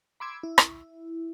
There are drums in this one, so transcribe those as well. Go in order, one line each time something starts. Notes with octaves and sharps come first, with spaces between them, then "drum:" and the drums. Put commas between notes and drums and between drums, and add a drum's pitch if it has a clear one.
B5 C6 D6 E6 G#6
E4
drum: rim click